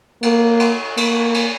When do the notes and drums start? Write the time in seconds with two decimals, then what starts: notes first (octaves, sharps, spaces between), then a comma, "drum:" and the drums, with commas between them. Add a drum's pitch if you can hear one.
0.23 A#3, drum: cymbal
0.60 drum: cymbal
0.97 A#3, drum: cymbal
1.34 drum: cymbal